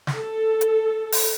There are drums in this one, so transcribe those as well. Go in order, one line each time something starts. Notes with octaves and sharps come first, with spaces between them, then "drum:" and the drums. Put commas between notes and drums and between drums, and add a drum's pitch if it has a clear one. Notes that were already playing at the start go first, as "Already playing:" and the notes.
drum: snare
A4
drum: hi-hat
drum: open hi-hat